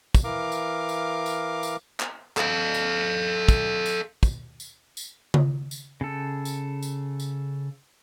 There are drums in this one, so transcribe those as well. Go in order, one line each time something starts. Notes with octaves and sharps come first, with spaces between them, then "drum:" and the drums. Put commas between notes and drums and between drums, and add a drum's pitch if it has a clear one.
drum: kick, tambourine
E3 A#4 F5 D6
drum: tambourine
drum: tambourine
drum: tambourine
drum: tambourine
drum: clap
A4 F5, drum: clap
drum: tambourine
drum: kick, tambourine
drum: tambourine
drum: kick, tambourine
drum: tambourine
drum: tambourine
drum: tom C#3
drum: tambourine
C#3 A4
drum: tambourine
drum: tambourine
drum: tambourine